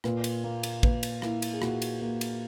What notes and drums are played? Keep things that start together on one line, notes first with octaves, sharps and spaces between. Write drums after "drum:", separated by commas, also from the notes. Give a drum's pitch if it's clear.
A#2 B4, drum: rim click
drum: cymbal
A#3
drum: cymbal
A#2 B4, drum: kick
drum: cymbal
A#3 E4, drum: rim click
drum: cymbal
G#4
A#2 F#4, drum: rim click
drum: cymbal
A#3
drum: cymbal